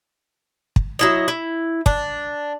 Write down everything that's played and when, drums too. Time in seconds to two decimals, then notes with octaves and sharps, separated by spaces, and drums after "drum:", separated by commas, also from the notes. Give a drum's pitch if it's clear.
0.76 drum: kick
0.99 F#3 E4 D#5
1.28 E4
1.86 D4, drum: kick